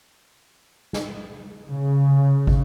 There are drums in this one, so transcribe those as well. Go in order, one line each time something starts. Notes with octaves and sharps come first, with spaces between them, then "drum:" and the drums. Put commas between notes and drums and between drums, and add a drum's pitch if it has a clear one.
drum: snare
C#3
drum: kick